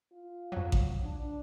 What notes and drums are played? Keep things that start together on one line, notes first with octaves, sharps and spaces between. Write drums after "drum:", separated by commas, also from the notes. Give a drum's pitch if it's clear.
F4
F2 F#3
drum: kick A1
D4